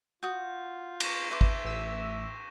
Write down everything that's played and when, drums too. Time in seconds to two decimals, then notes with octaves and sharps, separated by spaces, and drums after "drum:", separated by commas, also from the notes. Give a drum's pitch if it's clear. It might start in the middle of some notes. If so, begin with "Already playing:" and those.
0.23 F4 F#4 D#6 G6
1.00 C#6 A#6 E7, drum: cymbal
1.31 B4 E5 C6 D6
1.41 drum: kick
1.65 A1 E6